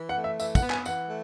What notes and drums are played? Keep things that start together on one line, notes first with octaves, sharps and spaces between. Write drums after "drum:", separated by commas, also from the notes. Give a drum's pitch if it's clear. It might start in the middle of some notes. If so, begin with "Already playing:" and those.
Already playing: E3
F#5
A3
E5
E3 E5, drum: tambourine
F#5, drum: kick, tambourine
B3
G#5, drum: clap
E3 F#5, drum: tambourine
A3